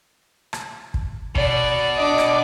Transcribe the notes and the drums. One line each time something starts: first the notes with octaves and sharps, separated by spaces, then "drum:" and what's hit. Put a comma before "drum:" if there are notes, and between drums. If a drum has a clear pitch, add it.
drum: rim click
drum: kick
B2 D5, drum: kick
D4 D#5 D6
drum: rim click